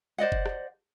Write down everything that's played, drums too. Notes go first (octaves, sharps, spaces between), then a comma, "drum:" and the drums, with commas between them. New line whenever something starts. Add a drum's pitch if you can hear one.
C5 D5 D#5 F#5
drum: kick F#1
drum: rim click